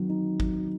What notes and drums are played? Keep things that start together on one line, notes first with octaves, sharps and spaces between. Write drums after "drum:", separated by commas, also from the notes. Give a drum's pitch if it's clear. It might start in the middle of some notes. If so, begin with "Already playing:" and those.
Already playing: D#3 F#3 C4
D#4
drum: kick G#1